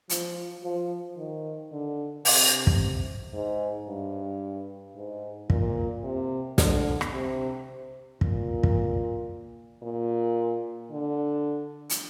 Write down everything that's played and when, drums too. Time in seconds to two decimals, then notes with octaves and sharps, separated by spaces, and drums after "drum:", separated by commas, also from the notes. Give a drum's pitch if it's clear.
0.10 F3, drum: hi-hat
0.64 F3
1.17 D#3
1.72 D3
2.25 C3, drum: open hi-hat
2.67 drum: kick
3.34 G#2
3.88 G2
4.96 G#2
5.50 A#2, drum: kick
6.04 C3
6.58 D3, drum: snare
7.01 drum: rim click
7.12 C3
8.21 A#2, drum: kick
8.63 drum: kick
9.82 A#2
10.91 D3
11.90 drum: hi-hat